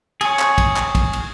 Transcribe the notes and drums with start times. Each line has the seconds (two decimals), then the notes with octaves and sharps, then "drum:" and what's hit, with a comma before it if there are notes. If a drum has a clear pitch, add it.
0.21 G#4 C#5, drum: cymbal
0.39 drum: clap
0.58 drum: kick, cymbal
0.76 drum: clap
0.95 drum: kick, cymbal
1.13 drum: cymbal